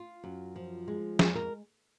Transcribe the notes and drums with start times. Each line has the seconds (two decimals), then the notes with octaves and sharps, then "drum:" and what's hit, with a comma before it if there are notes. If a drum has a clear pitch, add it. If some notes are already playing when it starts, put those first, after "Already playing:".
Already playing: F4
0.24 F#2
0.56 F3
0.88 G#3
1.19 F2 G#4, drum: snare
1.35 A#4